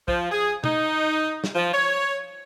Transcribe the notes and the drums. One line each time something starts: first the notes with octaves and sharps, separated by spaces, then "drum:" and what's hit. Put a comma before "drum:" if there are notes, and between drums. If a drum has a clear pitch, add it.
F3, drum: kick
G#4
D#4, drum: tom B2
drum: snare
F3
C#5